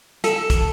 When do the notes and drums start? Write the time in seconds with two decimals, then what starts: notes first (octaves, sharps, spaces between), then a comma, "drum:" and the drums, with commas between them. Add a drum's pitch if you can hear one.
0.24 A4, drum: hi-hat
0.50 drum: kick, hi-hat